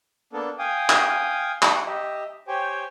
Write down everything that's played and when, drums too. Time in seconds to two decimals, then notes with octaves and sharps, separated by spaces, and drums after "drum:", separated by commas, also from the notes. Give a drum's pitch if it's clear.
0.33 A#3 B3 D4 A4
0.59 F5 G5 G#5 D#6
0.90 drum: clap
1.62 F#5, drum: clap
1.87 G4 D#5 E5
2.48 G4 C5 C#5 G5 G#5